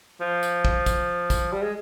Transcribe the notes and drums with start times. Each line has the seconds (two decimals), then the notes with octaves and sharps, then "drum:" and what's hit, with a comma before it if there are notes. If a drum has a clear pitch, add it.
0.21 F3
0.43 drum: tambourine
0.65 drum: kick
0.86 drum: kick, tambourine
1.30 drum: kick, tambourine
1.52 G3
1.62 G#3